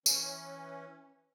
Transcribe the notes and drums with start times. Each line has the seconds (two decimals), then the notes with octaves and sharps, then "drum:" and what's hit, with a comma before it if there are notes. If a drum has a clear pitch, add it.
0.06 E3 C#4, drum: tambourine